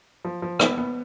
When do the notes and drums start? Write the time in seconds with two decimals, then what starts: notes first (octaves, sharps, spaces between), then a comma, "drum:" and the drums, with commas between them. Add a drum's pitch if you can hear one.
0.25 F3
0.42 F3
0.59 B3, drum: rim click
0.78 B3